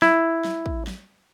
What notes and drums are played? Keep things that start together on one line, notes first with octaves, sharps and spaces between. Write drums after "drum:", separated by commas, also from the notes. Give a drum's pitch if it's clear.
E4, drum: snare
drum: snare
drum: kick
drum: snare